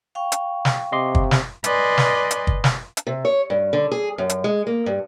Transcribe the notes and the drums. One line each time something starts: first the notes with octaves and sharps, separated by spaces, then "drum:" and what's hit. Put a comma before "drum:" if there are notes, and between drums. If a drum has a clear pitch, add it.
F5 G5 C#6
drum: hi-hat
drum: snare
C3 D#5 C6 D6
drum: kick
drum: snare
B4 D5 D#5 G#5 C6, drum: hi-hat
drum: snare
drum: hi-hat
drum: kick
drum: snare
drum: hi-hat
C3
C#5
G2
D3
G#4
F#2
drum: hi-hat
G#3
A#3
G2